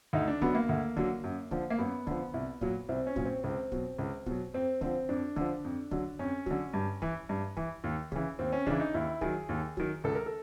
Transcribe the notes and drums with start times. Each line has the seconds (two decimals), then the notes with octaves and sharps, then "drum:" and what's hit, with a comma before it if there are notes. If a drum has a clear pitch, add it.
0.13 D2 D#4
0.28 D4
0.41 D3 F#3 B3, drum: kick
0.55 A#3
0.69 D2
0.97 D3 F#3, drum: kick
1.24 F#2
1.51 D3 F3, drum: kick
1.70 A#3
1.78 F#2 B3
2.07 D3 F3, drum: kick
2.34 C2
2.61 A#2 F#3, drum: kick
2.89 C2 C4
3.07 C#4
3.16 A#2 F#3, drum: kick
3.25 C4
3.43 C#2 C4
3.72 B2 F#3, drum: kick
3.99 C#2
4.26 B2 F#3, drum: kick
4.54 F2 C4
4.81 D3 F3 C4, drum: kick
5.09 F2 D4
5.36 D3 F3, drum: kick
5.65 F2
5.91 D3 F#3, drum: kick
6.19 F2 C#4
6.46 D3 F#3, drum: kick
6.73 G2
7.02 E3, drum: kick
7.29 G2
7.57 E3, drum: kick
7.84 D#2
8.12 C#3 E3, drum: kick
8.39 D#2 C4
8.52 C#4
8.67 C#3 E3 D4, drum: kick
8.80 D#4
8.94 D#2 E4
9.21 D#3 F#3 G#4, drum: kick
9.49 D#2
9.77 D#3 F#3, drum: kick
10.04 C#2 A4
10.15 A#4
10.26 A4